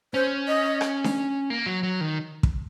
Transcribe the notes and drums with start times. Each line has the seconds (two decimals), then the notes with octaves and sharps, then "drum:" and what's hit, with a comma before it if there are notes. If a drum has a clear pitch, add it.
0.14 C#4 C5
0.48 D#5
0.81 drum: rim click
1.04 drum: snare D4
1.50 A#3
1.66 F#3
1.83 F#3
2.01 D#3
2.43 drum: kick